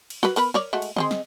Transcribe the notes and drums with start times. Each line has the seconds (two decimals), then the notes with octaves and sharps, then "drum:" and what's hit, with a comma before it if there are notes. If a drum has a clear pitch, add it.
0.10 drum: cymbal
0.23 F#4 A#4 B4, drum: snare
0.36 B3 A#4 B4, drum: cymbal
0.54 A#4 C#5 D5, drum: snare
0.73 G#3 A3 F#4
0.82 drum: cymbal
0.96 G#3 C4 D#5, drum: tom D3
1.11 drum: snare